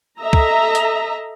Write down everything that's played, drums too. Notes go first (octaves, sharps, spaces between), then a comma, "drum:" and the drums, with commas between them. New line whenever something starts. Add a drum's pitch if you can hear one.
A4 D#5 E5 A#5
drum: kick
drum: hi-hat